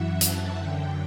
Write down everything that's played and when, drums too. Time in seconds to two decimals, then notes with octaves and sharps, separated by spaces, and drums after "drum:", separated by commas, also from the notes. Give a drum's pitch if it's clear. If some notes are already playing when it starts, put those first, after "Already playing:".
Already playing: F#2 E3 E5 F#5
0.21 A5, drum: hi-hat
0.57 F#2 D3 G5